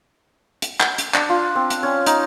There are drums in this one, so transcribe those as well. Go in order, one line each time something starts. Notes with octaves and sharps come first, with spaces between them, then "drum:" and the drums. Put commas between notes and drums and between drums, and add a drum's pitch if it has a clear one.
drum: hi-hat
drum: clap
drum: hi-hat
D4, drum: clap
F4
C4
drum: hi-hat
C#4
D#4, drum: hi-hat